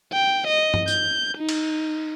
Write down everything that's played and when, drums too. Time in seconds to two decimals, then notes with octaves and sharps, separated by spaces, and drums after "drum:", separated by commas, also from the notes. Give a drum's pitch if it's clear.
0.13 G5
0.47 D#5
0.74 drum: tom G2
0.88 G6, drum: tambourine
1.37 D#4
1.49 drum: cymbal